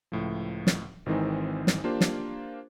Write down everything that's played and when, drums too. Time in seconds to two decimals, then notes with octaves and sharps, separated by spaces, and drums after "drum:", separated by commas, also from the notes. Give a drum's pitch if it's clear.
0.12 C#2 A2 F3
0.67 drum: snare
1.06 G#1 D#3 E3 G#3 C4 D#4
1.67 drum: snare
1.84 A#3 D4 F4 G4 C5
2.01 drum: snare